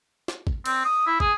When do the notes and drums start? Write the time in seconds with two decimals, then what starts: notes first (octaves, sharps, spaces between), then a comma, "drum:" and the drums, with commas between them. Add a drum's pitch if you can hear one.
0.28 drum: snare
0.47 drum: kick
0.66 C4, drum: cymbal
0.85 D#6
1.06 E4
1.20 G#4, drum: kick